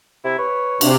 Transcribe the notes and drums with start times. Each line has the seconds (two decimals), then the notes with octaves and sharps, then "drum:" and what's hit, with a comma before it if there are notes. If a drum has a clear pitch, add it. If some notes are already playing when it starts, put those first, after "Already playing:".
0.25 C3 E4
0.39 B4 C#5
0.81 C3 D4, drum: cymbal